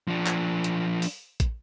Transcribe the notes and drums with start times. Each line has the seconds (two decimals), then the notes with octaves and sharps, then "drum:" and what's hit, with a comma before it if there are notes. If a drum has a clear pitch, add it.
0.08 F3 D4
0.27 drum: clap
0.64 drum: hi-hat
1.02 drum: open hi-hat
1.40 drum: kick, hi-hat